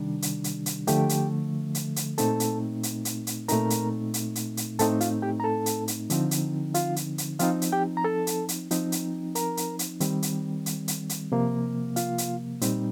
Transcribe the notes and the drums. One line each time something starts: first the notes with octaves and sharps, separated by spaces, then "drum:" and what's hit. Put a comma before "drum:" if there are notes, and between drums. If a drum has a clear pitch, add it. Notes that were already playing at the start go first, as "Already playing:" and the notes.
Already playing: C3 D#3 G3 D4
drum: hi-hat
drum: hi-hat
drum: hi-hat
D3 F3 A3 G4 G5, drum: hi-hat
drum: hi-hat
drum: hi-hat
drum: hi-hat
A#2 A3 C4 D#4 A4 A5, drum: hi-hat
drum: hi-hat
drum: hi-hat
drum: hi-hat
drum: hi-hat
A#2 A3 C4 D#4 A#4 A#5, drum: hi-hat
drum: hi-hat
drum: hi-hat
drum: hi-hat
drum: hi-hat
A2 A3 C4 D#4 A4 A5, drum: hi-hat
F4 F5, drum: hi-hat
G4 G5
A#5
A4 A5
drum: hi-hat
drum: hi-hat
D3 F3 C4 D#4, drum: hi-hat
drum: hi-hat
F4 F5, drum: hi-hat
drum: hi-hat
drum: hi-hat
F3 C4 D#4 F4 F5, drum: hi-hat
drum: hi-hat
G4 G5
A#5
A4 A5
drum: hi-hat
drum: hi-hat
F3 C4 D#4, drum: hi-hat
drum: hi-hat
A#4 A#5, drum: hi-hat
drum: hi-hat
drum: hi-hat
D#3 G3 C4, drum: hi-hat
drum: hi-hat
drum: hi-hat
drum: hi-hat
drum: hi-hat
C3 F3 A#3
F4 F5, drum: hi-hat
drum: hi-hat
A#2 G3 C4 D#4, drum: hi-hat